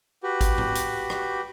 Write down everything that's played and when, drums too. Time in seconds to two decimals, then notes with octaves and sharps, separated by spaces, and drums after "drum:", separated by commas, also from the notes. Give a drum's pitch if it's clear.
0.23 F#4 G4 B4
0.41 drum: kick G#1, hi-hat
0.58 drum: tom G#2
0.75 drum: hi-hat
1.10 drum: rim click